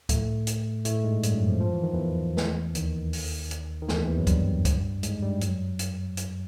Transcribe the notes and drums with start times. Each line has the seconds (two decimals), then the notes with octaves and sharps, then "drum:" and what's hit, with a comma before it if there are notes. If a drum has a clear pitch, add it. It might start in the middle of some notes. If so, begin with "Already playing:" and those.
0.09 A2 A3, drum: kick C#2, hi-hat
0.47 drum: hi-hat
0.85 A2 A3, drum: hi-hat
1.04 G#2 G#3
1.23 G2 G3, drum: hi-hat
1.35 F#2 F#3
1.48 F2 F3
1.60 F3
1.72 E3
1.82 D#3
1.93 E2 E3
2.37 drum: snare
2.75 D#2 D#3, drum: hi-hat
3.13 drum: open hi-hat
3.51 drum: hi-hat
3.82 D#3
3.88 E2 E3, drum: snare
3.98 D#2 D#3
4.08 E2 E3
4.17 F#2 F#3
4.27 G2 G3, drum: kick C#2, hi-hat
4.65 drum: kick C#2, hi-hat
5.03 G#2 G#3, drum: hi-hat
5.22 G2 G3
5.41 F#2 F#3, drum: hi-hat
5.79 drum: hi-hat
6.17 drum: hi-hat